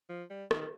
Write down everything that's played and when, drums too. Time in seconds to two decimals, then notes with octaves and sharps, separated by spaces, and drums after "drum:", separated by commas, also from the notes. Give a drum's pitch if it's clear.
0.10 F3
0.30 G3
0.51 D#3, drum: rim click